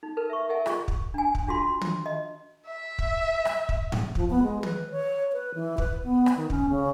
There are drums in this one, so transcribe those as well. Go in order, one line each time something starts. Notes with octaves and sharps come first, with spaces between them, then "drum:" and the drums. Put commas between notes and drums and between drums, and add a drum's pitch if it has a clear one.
D#4
D#4 A#4 B4
E5 C#6
A#4 D#5 E5 F#5 G#5
F4 G#4 D#5 C#6, drum: rim click
drum: kick
D4 G#5
drum: kick
D4 F4 F#4 C6
drum: tom
D#5
E5
drum: kick
drum: rim click
drum: kick
drum: tom G#2
F3, drum: kick
B3
G#3
B4, drum: tom
C#5
B4
E3
B4, drum: kick
B3
drum: rim click
D#3
C#4, drum: kick
C#3